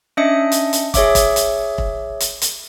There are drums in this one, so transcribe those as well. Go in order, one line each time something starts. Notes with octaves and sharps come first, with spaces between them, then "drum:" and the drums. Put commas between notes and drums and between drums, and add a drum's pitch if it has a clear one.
C#4 D4 D#5 E5 D#6 C#7
drum: hi-hat
drum: hi-hat
G#4 C#5 E5 D6, drum: kick, hi-hat
drum: kick, hi-hat
drum: hi-hat
drum: kick
drum: hi-hat
drum: hi-hat